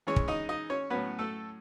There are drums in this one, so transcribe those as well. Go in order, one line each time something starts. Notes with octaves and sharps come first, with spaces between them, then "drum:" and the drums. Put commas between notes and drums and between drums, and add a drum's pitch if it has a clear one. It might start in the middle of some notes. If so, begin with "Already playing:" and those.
E3 G#3 C#4 C#5
drum: kick
D#4 D#5
D#4 D#5
C#4 C#5
A2 F#3 B3 C#4 B4
A3 A4